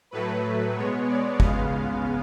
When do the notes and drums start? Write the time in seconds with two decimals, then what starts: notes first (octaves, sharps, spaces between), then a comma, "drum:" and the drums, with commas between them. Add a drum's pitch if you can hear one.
0.11 A2 F#3 A3 B4
0.76 B2 G#3 B3 C#5
1.08 D5
1.40 C#3 G#3 B3 F5, drum: kick